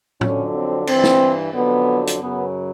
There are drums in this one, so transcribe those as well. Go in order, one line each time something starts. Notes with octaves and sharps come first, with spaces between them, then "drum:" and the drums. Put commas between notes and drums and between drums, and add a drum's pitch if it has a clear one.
F2 D3 F#3 C#4, drum: tom A2
C4
G2 E3 C4, drum: cymbal
drum: snare
F2 D3 F#3 B3
drum: hi-hat
F#2 C#3 F#3 B3